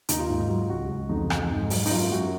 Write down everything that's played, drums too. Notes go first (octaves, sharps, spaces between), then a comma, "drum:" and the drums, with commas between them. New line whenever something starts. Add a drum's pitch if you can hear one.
D#2 D#4, drum: hi-hat
F4
G#2
F#3
C#2 F#4
C#2
F2 D#4
F2, drum: rim click
G#2
F#3, drum: open hi-hat
D#4, drum: open hi-hat
F#2 F4
F#2 F#4